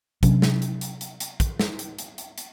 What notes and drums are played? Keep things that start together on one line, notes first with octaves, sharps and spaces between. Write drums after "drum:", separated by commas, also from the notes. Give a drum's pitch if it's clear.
C3 F#3 C#4 D4, drum: kick, hi-hat
drum: snare
drum: hi-hat
drum: hi-hat
drum: hi-hat
drum: hi-hat
drum: kick, hi-hat
drum: snare
drum: hi-hat
drum: hi-hat
drum: hi-hat
drum: hi-hat